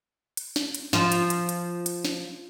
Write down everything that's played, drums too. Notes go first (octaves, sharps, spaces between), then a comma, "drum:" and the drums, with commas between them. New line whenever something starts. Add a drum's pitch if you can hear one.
drum: hi-hat
drum: snare
drum: hi-hat
F3 F4, drum: snare
drum: hi-hat
drum: hi-hat
drum: hi-hat
drum: hi-hat
drum: snare